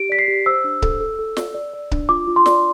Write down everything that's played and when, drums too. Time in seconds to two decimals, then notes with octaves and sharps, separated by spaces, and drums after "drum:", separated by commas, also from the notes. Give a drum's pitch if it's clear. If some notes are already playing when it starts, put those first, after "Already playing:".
Already playing: G4 D7
0.09 D5 B6
0.19 C7
0.28 G4
0.46 C5 E6
0.64 D4
0.82 A4, drum: kick C#1
1.01 A4
1.19 A4
1.37 D5, drum: snare
1.54 D5
1.73 D5
1.91 D4, drum: kick C#1
2.09 F4 D6
2.27 F4
2.36 C6
2.46 D5, drum: snare